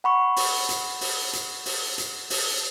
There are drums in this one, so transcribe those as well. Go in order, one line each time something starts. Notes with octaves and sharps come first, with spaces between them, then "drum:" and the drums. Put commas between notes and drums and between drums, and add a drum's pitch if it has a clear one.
F#5 B5 C#6
drum: open hi-hat
drum: hi-hat
drum: open hi-hat
drum: hi-hat
drum: open hi-hat
drum: hi-hat
drum: open hi-hat